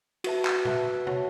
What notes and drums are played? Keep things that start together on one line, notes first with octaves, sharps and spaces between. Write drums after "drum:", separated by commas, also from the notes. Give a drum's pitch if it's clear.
F#4 B4 E5 A5, drum: cymbal
drum: clap
F#4 B4 E5 A5, drum: tom
F#4 C#5 F#5 A5, drum: tom